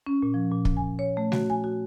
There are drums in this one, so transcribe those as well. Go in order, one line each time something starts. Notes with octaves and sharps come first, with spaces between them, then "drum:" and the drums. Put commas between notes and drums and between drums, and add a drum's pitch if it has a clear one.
C#4
A#2
F3
A#2
drum: kick
G#5
C#5
A3
F#4, drum: snare G3
G#5
F#4